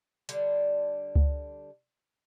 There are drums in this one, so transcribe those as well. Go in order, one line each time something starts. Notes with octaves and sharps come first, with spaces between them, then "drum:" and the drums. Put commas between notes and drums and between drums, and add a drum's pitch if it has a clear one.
D3 G3 D4, drum: hi-hat
drum: kick C#2